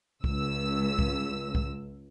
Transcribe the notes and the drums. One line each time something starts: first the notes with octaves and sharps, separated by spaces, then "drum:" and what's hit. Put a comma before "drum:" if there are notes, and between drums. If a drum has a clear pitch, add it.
C#2 E6, drum: kick C2
drum: kick C2
drum: kick C2